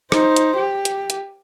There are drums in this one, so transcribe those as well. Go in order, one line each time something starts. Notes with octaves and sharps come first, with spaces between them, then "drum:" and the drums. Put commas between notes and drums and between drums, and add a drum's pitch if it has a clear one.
D#4 C5, drum: rim click
drum: hi-hat
G4
drum: hi-hat
drum: hi-hat